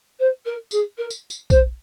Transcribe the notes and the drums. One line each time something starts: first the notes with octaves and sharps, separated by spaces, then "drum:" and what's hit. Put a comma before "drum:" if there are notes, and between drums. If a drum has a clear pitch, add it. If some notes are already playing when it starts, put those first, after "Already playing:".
C5
A#4
G#4, drum: tambourine
A#4
drum: tambourine
drum: tambourine
C5, drum: kick, tambourine